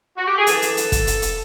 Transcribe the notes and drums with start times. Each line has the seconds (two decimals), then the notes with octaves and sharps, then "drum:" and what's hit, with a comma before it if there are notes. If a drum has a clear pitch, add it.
0.18 F#4
0.28 G4
0.38 G#4
0.47 E3 A4, drum: hi-hat
0.62 drum: hi-hat
0.77 drum: hi-hat
0.92 drum: kick, hi-hat
1.07 drum: hi-hat
1.22 drum: hi-hat